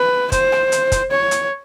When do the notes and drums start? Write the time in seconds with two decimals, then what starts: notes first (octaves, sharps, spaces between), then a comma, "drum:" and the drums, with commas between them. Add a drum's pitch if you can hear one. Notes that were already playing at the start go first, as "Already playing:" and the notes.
Already playing: B4
0.32 C5, drum: kick, hi-hat
0.52 drum: rim click
0.72 drum: hi-hat
0.92 drum: kick, hi-hat
1.11 C#5
1.31 drum: hi-hat